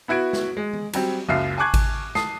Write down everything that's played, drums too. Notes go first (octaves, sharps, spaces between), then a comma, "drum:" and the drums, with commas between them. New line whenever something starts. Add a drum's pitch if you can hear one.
B3 E4 F#4 G#6 D7
drum: snare
G#3
drum: tom E3
F#3 G3 C4, drum: cymbal
F#1 C#2 F#3 E5 F6 C7
G#5 A5 C#6 D6 F#6 G#6
drum: kick G#1, cymbal
A5 D#6 C7, drum: snare